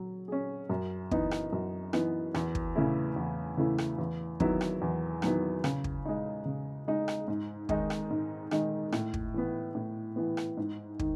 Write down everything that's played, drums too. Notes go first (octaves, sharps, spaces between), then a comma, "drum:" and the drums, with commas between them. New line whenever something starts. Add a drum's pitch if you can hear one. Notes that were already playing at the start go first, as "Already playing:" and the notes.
Already playing: F#3
C#4 G#4
F#2
E3 B3 D#4, drum: kick
drum: rim click
F#2
E3 B3 D#4, drum: rim click
E2, drum: rim click
drum: kick
C#3 E3 A3 E4
E2
C#3 E3 A3 E4
drum: rim click
E2
D#3 F#3 B3 E4, drum: kick
drum: rim click
E2
D#3 F#3 B3 E4, drum: rim click
C#3, drum: rim click
drum: kick
G#3 D#4
C#3
G#3 D#4
drum: rim click
G#2
D#3 G#3 D#4, drum: kick
drum: rim click
G#2
D#3 G#3 D#4, drum: rim click
A2, drum: rim click
drum: kick
E3 B3
A2
E3 B3
drum: rim click
G#2
D#3, drum: kick